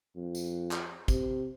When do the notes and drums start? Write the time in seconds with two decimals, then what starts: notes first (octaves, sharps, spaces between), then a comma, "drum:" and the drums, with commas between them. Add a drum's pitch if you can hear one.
0.16 F2
0.35 drum: tambourine
0.71 drum: clap
1.08 C3, drum: kick, tambourine